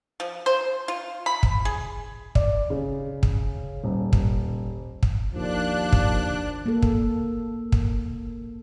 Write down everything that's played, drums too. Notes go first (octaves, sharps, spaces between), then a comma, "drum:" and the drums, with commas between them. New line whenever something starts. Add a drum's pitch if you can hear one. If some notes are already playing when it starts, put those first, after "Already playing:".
F3
C5
F4
B5
drum: kick
G#4
D5, drum: kick
C#3
drum: kick
D#1
drum: kick
drum: kick
D#2 F3 D4 F#6
drum: kick
A#3 A4
drum: kick
drum: kick